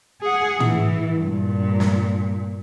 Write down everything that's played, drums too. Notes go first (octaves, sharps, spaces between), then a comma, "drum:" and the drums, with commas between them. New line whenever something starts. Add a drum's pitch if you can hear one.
G#4 F#5
E3, drum: tom
G2 A#2
drum: snare